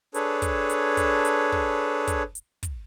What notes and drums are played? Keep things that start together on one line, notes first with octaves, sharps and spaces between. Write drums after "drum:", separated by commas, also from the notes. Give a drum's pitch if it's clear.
D4 G#4 A4 B4 C#5, drum: hi-hat
drum: kick, hi-hat
drum: hi-hat
drum: kick, hi-hat
drum: hi-hat
drum: kick
drum: kick, hi-hat
drum: hi-hat
drum: kick, hi-hat